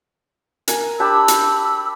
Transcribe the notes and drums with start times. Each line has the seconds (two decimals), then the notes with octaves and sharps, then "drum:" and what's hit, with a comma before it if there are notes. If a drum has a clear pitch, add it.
0.68 A#4 G#5 A#5, drum: hi-hat
1.00 D4 G4 A5 B5 E6
1.28 drum: hi-hat